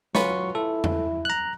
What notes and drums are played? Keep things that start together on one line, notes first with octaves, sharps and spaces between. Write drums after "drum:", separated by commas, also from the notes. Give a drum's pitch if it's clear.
F#3 C#4 F4 B4 C#6, drum: snare
E4 A4
drum: tom E2
A#5 F#6